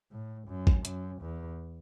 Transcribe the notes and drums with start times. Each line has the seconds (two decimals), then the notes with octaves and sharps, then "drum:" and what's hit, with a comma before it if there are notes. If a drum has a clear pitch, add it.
0.11 A2
0.48 F#2
0.67 drum: kick A1
0.85 F#2, drum: hi-hat
1.21 E2